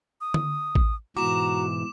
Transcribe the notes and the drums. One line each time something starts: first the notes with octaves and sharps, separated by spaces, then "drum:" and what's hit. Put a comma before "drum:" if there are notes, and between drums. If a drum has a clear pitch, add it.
D#6
drum: tom D3
drum: kick A1
G#2 B2 E3 F#4 A#5 D6 E7